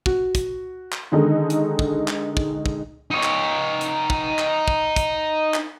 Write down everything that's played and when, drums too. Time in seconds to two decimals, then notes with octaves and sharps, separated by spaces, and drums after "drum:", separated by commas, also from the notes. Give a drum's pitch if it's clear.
0.06 F#4, drum: kick
0.35 drum: kick, hi-hat
0.92 drum: clap
1.12 D3 D#3 G#3 D#4 A4
1.50 drum: hi-hat
1.79 drum: kick
2.08 drum: clap
2.37 drum: kick
2.66 drum: kick
3.11 D#4 C#5
3.23 drum: clap
3.81 drum: hi-hat
4.10 drum: kick
4.39 drum: clap
4.68 drum: kick
4.96 drum: kick, hi-hat
5.54 drum: clap